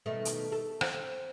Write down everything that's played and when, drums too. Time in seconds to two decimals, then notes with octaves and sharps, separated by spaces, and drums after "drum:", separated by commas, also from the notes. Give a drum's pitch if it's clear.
0.06 B2 D#3 A3
0.25 drum: hi-hat
0.52 A4
0.81 C4, drum: rim click